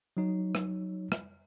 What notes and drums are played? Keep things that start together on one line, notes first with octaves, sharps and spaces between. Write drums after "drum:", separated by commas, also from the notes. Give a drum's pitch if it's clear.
F#3 D#4 C#5
drum: rim click
drum: rim click